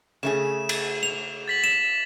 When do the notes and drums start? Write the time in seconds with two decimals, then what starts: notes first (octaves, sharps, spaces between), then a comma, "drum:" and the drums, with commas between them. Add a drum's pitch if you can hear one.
0.23 C#3 A3 G#4 E7
0.69 drum: cymbal
1.03 F7
1.48 A6 B6 F#7
1.64 E7